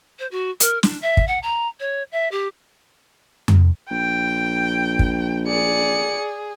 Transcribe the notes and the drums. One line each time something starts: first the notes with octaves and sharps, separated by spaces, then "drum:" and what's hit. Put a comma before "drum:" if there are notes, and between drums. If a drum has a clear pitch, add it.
C5
F#4
A#4, drum: hi-hat
D4, drum: snare
E5
drum: kick
F#5
A#5
C#5
E5
G4
drum: tom F2
A#1 G5
drum: kick
G#4 D5 C#7